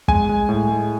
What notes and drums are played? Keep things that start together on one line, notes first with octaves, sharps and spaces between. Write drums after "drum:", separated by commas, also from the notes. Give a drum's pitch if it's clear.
G#3 G#5, drum: kick
G#3
A2
G#3